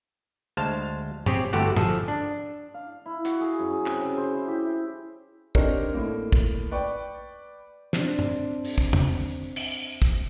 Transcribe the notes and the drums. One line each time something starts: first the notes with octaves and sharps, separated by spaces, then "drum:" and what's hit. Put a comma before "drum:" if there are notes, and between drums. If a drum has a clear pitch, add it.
D2 G#3 C5 F5 A5
C4 G4 G#4 C#5, drum: tom
G1 A3 F#4 G4 F#5
F3 G#4 A4, drum: tom
D4
F5
E4
F#4, drum: hi-hat
G#4
F#2
G#4
C3, drum: clap
C#3
C5
E4
G4
E5
C4 D4 D#4 G4 A#4 C#5, drum: kick
A2 A#3
drum: kick
B4 D5 G5 C#6
C4 D4, drum: snare
drum: tom
drum: open hi-hat
drum: kick
drum: tom
drum: cymbal
drum: kick